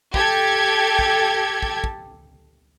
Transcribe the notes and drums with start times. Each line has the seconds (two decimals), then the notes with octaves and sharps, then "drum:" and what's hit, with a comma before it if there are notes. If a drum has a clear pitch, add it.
0.14 G4 A4 G#6, drum: kick
0.99 drum: kick
1.62 drum: kick
1.84 drum: kick